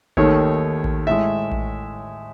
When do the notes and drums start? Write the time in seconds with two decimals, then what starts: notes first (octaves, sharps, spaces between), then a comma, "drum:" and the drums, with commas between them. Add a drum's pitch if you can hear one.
0.17 D#2 D#3 A3 C#5, drum: kick A1
0.84 drum: kick A1
1.07 A2 G#3 E5
1.52 drum: kick A1